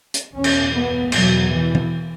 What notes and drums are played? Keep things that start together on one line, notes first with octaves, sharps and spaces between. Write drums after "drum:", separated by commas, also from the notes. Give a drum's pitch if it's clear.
drum: hi-hat
E2 B2 C#4
drum: cymbal
B3
E2 B2 F#3, drum: cymbal
E3
drum: tom E3